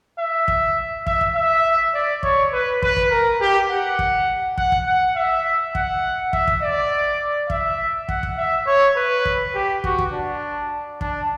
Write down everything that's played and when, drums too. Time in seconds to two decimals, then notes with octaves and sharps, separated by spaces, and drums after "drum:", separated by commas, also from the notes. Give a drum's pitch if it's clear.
0.19 E5
0.48 drum: kick
1.07 E5, drum: kick
1.21 drum: kick
1.35 E5
1.94 D5
2.23 C#5, drum: kick
2.53 B4
2.82 B4, drum: kick
2.97 drum: kick
3.11 A#4
3.41 G4
3.70 F#5
3.99 drum: kick
4.58 F#5, drum: kick
4.72 drum: kick
4.87 F#5
5.16 E5
5.75 F#5, drum: kick
6.33 E5, drum: kick
6.48 drum: kick
6.62 D5
7.50 E5, drum: kick
8.09 F#5, drum: kick
8.23 drum: kick
8.38 E5
8.67 C#5
8.96 B4
9.25 drum: kick
9.55 G4
9.84 F#4, drum: kick
9.99 drum: kick
10.13 D4
11.01 D4, drum: kick